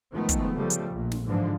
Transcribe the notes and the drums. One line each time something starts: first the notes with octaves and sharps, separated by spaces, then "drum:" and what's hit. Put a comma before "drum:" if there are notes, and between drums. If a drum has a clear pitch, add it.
D#3 F3 G#3 A3 B3
drum: kick, hi-hat
C#3 F3 G3 A3
drum: hi-hat
A#1 A#2
drum: snare
G#2 D3 E3 F3